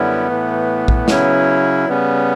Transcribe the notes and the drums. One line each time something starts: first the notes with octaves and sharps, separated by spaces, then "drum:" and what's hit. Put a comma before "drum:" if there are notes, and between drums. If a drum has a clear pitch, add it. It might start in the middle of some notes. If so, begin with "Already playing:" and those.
Already playing: F#2 D3 G3 B3 C#4 E4
A2 E3 A3
drum: kick A#1
C#3 F#3 C#4 E4, drum: snare
C#3 G3 B3 C#4